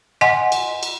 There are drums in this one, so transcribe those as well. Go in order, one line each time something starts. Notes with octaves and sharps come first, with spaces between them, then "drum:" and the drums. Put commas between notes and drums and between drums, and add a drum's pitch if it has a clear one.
D#5 F#5 G#5 C6
drum: cymbal
drum: cymbal